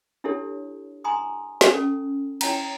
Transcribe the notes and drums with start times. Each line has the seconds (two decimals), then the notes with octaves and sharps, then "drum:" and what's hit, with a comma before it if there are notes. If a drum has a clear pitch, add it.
0.24 D4 E4 G4 A4 C#5
1.04 G#5 A#5 C6 D#6
1.61 drum: snare
1.74 C#4 A4
2.41 E4 C#5 G5 A#5, drum: cymbal